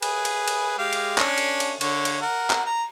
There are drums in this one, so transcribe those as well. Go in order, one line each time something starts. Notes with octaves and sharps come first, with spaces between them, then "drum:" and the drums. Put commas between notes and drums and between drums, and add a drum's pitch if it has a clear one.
G#4 B4, drum: cymbal
drum: cymbal
drum: cymbal
G#3 G4 F5
drum: cymbal
C#4 D4 C#5, drum: clap
drum: cymbal
drum: cymbal
D3 C#5, drum: cymbal
drum: cymbal
A#4 F#5
drum: clap
A#5